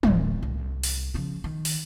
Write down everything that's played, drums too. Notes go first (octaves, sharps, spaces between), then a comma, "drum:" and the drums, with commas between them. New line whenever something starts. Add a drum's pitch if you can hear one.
D1 A1, drum: tom
C2
drum: open hi-hat
C#3 F3
D#3
drum: open hi-hat